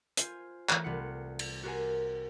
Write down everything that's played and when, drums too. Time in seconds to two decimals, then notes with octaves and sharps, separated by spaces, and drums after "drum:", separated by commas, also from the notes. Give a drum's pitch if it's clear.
0.17 F4 C5 G#5, drum: hi-hat
0.69 E3 A3, drum: clap
0.84 C2 G3 F4 B4 F#5 C#7
1.39 drum: cymbal
1.63 F#4 G4 A#4 C5 F#5 G#5